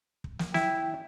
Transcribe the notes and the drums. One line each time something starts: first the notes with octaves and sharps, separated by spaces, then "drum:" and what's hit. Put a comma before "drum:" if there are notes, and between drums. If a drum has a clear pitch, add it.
drum: kick
drum: snare
E4 G5, drum: snare